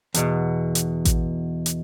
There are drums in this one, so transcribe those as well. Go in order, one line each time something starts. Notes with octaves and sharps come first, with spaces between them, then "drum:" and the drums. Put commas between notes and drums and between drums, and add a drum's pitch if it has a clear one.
E2 B2, drum: hi-hat
drum: hi-hat
drum: kick A1, hi-hat
drum: hi-hat